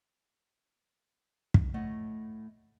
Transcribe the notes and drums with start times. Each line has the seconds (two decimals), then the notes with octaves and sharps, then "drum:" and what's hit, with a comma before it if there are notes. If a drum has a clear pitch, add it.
1.54 drum: kick
1.74 A2 A3 C#5 D#5 F#5